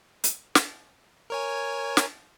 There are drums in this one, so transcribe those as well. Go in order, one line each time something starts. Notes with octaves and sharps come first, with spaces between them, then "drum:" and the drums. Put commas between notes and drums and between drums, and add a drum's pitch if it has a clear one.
drum: hi-hat
drum: snare
A#4 C#5 G#5
drum: snare